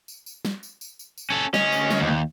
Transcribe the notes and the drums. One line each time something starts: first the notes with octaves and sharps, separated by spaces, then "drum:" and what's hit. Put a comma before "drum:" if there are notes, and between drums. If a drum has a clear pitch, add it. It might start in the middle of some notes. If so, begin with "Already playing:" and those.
drum: tambourine
drum: tambourine
drum: snare
drum: tambourine
drum: tambourine
drum: tambourine
drum: tambourine
C#4 A4
D2 C#4 D#5, drum: snare
drum: tambourine
drum: snare
D#2